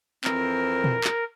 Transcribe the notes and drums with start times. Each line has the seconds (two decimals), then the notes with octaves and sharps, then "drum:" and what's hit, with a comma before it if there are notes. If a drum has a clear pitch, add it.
0.24 F2 E3 C4 A#4, drum: clap
0.84 drum: tom
1.04 drum: clap